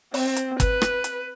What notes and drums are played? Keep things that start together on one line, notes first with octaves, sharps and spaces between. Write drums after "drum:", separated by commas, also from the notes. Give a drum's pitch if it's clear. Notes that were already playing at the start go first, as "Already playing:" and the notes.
C4, drum: open hi-hat
drum: hi-hat
B4, drum: kick G1, hi-hat
drum: rim click
drum: hi-hat